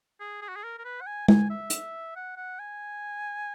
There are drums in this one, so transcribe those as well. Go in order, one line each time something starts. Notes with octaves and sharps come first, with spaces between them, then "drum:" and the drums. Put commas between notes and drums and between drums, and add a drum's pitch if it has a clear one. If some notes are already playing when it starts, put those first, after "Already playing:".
G#4
G#4
F#4
G#4
A#4
A#4
B4
F#5
G#5
G#5, drum: tom G#3
E5
drum: hi-hat
F#5
F#5
G#5